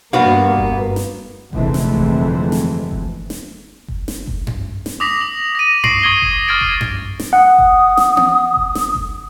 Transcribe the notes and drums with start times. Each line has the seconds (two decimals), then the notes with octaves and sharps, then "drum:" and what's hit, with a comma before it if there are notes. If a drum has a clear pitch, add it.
0.13 G2 A#3 B3 F#4 F5
0.57 drum: kick F#1
0.96 drum: snare
1.53 G1 F2 C3 E3 G#3 A3, drum: kick F#1
1.74 drum: snare
1.94 drum: kick F#1
2.52 drum: snare
2.91 drum: kick F#1
3.30 drum: snare
3.88 drum: kick F#1
4.08 drum: snare
4.27 drum: kick F#1
4.47 drum: tom F#2
4.86 drum: snare
5.00 D6 D#6 A#6 B6 F7
5.21 F#7
5.55 A#6 D#7
5.84 C#6 A#6 C7 D7 F#7, drum: tom F#2
6.03 C#6 D#6 G#6 A#6 G7
6.22 drum: kick F#1
6.48 C#6 F6 G#6 A6 D7
6.61 drum: kick F#1
6.81 drum: tom F#2
7.20 drum: snare
7.33 F#5 D#6
7.58 drum: kick F#1
7.97 drum: snare
8.17 drum: tom B3
8.56 drum: kick F#1
8.75 drum: snare
8.95 drum: kick F#1